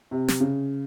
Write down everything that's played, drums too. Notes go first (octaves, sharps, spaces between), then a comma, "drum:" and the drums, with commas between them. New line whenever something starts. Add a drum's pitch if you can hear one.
C3
drum: snare
C#3